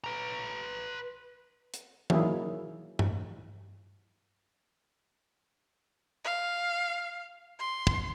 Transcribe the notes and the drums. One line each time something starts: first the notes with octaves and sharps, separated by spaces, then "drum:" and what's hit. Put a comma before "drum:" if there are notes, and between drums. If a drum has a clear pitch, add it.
B4 A#5
drum: hi-hat
D#3 F#3 A#3 E4 G#4, drum: tom E3
drum: tom G2
F5
C6
drum: kick